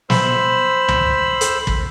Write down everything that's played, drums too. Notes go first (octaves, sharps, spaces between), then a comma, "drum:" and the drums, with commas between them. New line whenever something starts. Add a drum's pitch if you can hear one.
C5 B5 E6, drum: snare
drum: tom C#2
drum: hi-hat
drum: kick